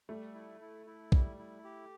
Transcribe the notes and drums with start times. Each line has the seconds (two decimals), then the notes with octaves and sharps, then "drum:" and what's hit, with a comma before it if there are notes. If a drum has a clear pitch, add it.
0.09 G3 A3
0.35 E4
0.61 E4
0.86 E4
1.12 G3, drum: kick B1
1.39 E4
1.64 G4